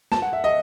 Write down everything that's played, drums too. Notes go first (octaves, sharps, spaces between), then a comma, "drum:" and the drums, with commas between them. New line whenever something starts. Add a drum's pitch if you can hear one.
A5, drum: snare
F#5
E5
D#5